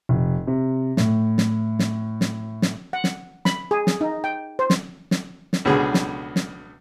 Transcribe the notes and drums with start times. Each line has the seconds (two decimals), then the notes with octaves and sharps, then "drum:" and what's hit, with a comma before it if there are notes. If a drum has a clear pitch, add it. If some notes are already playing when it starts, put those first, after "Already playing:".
0.09 F1
0.47 C3
0.97 A2, drum: snare
1.38 drum: snare
1.79 drum: snare
2.21 drum: snare
2.62 drum: snare
2.93 F#5
3.04 drum: snare
3.45 B5, drum: snare
3.71 G#4
3.87 drum: snare
4.01 D#4
4.24 G5
4.59 C5
4.70 drum: snare
5.11 drum: snare
5.53 drum: snare
5.65 C#2 B2 D3 G#4
5.94 drum: snare
6.36 drum: snare